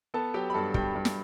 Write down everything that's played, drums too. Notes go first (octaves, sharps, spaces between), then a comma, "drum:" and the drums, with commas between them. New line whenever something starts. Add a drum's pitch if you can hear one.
B3 A4 A5
F#3 G4 G5
B5
G2 A4 A5
G2 G4 G5, drum: kick
G2
drum: snare